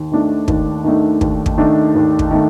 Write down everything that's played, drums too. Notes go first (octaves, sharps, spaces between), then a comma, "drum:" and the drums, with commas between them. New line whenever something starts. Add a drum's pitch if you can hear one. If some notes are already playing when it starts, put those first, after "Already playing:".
Already playing: D#2
D#3 A3 D4
D#2, drum: kick
D#3 A3 D4
D#2, drum: kick
drum: kick
D#3 A3 D4
D#2
drum: kick
D#3 A3